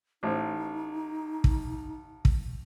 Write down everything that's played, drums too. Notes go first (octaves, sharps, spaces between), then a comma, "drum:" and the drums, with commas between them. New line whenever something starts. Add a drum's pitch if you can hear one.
A1 D#4 C5
drum: kick
drum: kick